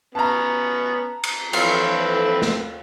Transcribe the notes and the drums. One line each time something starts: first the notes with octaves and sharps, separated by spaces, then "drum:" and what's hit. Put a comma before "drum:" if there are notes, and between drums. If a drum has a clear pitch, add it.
B3 C#4 A5 A#5
drum: cymbal
E3 F3 C4 F4 A4 B4 C#5 F6, drum: cymbal
drum: snare